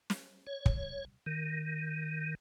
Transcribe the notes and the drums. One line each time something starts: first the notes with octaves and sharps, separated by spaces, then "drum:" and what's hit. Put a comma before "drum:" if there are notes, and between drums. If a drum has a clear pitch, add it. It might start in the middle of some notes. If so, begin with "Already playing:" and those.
drum: snare
C#5
drum: kick
D#3